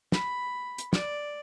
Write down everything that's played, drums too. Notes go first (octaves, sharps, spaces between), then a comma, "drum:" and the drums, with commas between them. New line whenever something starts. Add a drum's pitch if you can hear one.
B5, drum: snare
drum: hi-hat
D5, drum: snare